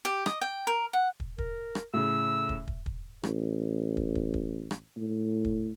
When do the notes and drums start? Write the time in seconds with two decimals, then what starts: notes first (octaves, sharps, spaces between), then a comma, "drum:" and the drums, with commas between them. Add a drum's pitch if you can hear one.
0.05 G4
0.26 D#5, drum: rim click
0.41 G5
0.67 A#4
0.93 F#5
1.20 drum: kick
1.38 A#4, drum: kick
1.75 drum: rim click
1.94 A2 C#3 E6
2.49 drum: kick
2.68 drum: kick
2.86 drum: kick
3.23 A1, drum: rim click
3.97 drum: kick
4.15 drum: kick
4.34 drum: kick
4.71 drum: rim click
4.96 A2
5.45 drum: kick